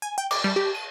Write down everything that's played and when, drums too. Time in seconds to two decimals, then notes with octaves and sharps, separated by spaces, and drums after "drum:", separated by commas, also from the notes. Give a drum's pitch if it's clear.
0.02 G#5
0.18 G5
0.31 D6, drum: cymbal
0.44 G3
0.56 G4
0.75 D#7